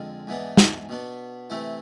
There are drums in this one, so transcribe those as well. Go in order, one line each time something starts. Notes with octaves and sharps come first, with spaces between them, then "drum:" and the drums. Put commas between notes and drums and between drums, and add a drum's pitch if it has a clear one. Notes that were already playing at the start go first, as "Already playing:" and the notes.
Already playing: F2 D3 G#3 D4 F4
G#2 E3 B3 D4
drum: snare
B2 B3 D4
C3 E3 A3 E4